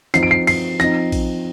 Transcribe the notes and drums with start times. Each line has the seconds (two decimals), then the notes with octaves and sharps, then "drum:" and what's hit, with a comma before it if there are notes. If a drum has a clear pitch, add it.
0.14 F3 C4 D#4 C7, drum: snare
0.23 D7
0.31 C7
0.47 C7, drum: cymbal
0.80 F3 C4 D#4 A#6, drum: snare
1.12 drum: kick A#1, cymbal